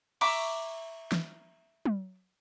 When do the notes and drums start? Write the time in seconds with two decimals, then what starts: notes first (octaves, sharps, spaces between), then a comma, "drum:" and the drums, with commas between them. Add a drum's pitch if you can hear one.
0.21 E5 A#5 C#6 D6, drum: cymbal
1.12 drum: snare
1.86 drum: tom